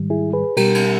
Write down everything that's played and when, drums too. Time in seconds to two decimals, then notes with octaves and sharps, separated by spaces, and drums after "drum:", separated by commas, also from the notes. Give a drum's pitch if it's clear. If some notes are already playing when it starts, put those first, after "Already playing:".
Already playing: G#2 D#3 G3
0.10 E4 G#4
0.33 G#4 B4
0.57 B2 G3 G4 A#4, drum: cymbal
0.75 drum: cymbal